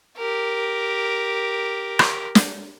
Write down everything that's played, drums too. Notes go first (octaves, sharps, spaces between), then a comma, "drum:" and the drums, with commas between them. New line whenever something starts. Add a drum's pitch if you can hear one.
G4 A#4
drum: rim click
drum: snare